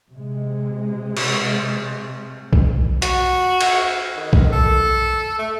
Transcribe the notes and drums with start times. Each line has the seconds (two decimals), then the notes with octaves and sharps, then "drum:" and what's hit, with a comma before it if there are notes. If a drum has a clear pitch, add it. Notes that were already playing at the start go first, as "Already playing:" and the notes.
0.12 C3 G#3
1.17 drum: cymbal
2.53 drum: kick B1
3.02 F#4, drum: hi-hat
3.61 drum: cymbal
4.17 D#3
4.33 drum: kick B1
4.52 A4
5.39 A3